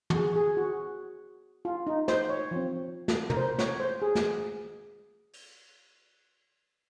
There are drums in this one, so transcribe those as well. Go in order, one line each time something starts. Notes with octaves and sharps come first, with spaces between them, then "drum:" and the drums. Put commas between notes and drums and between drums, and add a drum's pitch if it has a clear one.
F#4, drum: tom
G#4
G#4
F#4
F4
D#4
C5, drum: snare
C#5
F3 C4
drum: snare
A#4, drum: tom
C5
C#5, drum: snare
C5
G#4
drum: snare
drum: open hi-hat